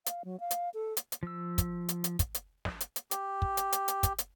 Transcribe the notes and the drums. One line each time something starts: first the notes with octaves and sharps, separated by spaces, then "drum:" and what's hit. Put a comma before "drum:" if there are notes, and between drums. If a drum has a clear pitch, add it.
F5, drum: hi-hat
F#3
F5
drum: hi-hat
A4
drum: hi-hat
drum: hi-hat
F3 E6
drum: kick, hi-hat
drum: hi-hat
drum: hi-hat
drum: kick, hi-hat
drum: hi-hat
drum: snare
drum: hi-hat
drum: hi-hat
G4, drum: hi-hat
drum: kick
drum: hi-hat
drum: hi-hat
drum: hi-hat
drum: kick, hi-hat
drum: hi-hat